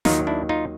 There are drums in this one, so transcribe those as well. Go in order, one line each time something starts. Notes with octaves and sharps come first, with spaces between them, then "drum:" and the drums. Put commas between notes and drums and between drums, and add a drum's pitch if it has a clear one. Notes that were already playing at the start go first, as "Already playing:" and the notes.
D#2 D#3 F#3 D#4 F4, drum: snare
D4 E4
D#4 F4